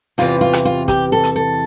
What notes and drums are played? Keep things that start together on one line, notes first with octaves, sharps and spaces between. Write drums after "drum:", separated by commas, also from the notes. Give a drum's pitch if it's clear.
E2 C3 E3 F4, drum: hi-hat
F4
drum: rim click
F4
G4, drum: kick, hi-hat
A4
drum: hi-hat
A4